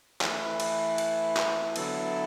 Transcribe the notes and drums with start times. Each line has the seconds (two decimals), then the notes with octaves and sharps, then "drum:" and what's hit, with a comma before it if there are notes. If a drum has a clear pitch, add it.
0.21 E3 A3 E4 B4, drum: clap
0.60 drum: cymbal
0.98 drum: cymbal
1.37 drum: clap
1.76 D3 F#3 B3 E4 A4, drum: cymbal